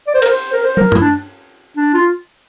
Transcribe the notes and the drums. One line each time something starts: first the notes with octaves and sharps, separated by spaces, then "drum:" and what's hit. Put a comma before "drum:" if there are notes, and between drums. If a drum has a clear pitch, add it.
D5
C5
A#4, drum: cymbal
C5
A#4
C5
A#4, drum: tom
E4, drum: tom G2
D4
D4
F4